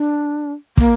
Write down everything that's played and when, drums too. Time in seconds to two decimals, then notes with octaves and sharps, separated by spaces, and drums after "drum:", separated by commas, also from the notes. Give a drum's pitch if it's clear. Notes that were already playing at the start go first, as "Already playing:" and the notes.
Already playing: D4
0.77 A#3, drum: kick